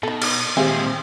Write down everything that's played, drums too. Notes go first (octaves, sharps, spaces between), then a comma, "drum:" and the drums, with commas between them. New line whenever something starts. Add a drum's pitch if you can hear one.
B2 D#4 A4
drum: cymbal
A#2 D#3 G#3 C4 G4 G#4 E5 F5